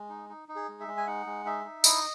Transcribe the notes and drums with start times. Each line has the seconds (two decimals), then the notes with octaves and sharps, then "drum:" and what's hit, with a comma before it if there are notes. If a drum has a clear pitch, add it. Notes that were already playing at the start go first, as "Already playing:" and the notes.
Already playing: G#3
0.10 D#4
0.29 D#4
0.49 D#4
0.56 G#4
0.69 G#3
0.80 E5
0.88 G#3
0.97 G#5
1.07 D#4 F#5
1.26 G#3
1.46 D#4 E5
1.64 D#4
1.84 E4 D#5, drum: tambourine